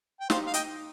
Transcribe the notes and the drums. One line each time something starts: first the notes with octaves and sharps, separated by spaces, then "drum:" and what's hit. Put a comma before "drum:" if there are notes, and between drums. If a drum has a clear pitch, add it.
G5
D#4 G4 C5 F5, drum: snare
F5
D#5 G5, drum: hi-hat